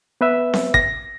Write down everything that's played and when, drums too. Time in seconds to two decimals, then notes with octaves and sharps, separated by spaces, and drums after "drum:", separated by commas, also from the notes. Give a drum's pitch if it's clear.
0.21 B3 B4 E5
0.54 drum: snare C4
0.74 A#6, drum: kick